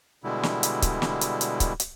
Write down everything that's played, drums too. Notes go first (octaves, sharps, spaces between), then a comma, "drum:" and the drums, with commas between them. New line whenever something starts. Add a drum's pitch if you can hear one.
B2 D3 G3 G#3 E4
drum: snare
drum: hi-hat
drum: kick C#1, hi-hat
drum: snare
drum: hi-hat
drum: hi-hat
drum: kick C#1, hi-hat
drum: hi-hat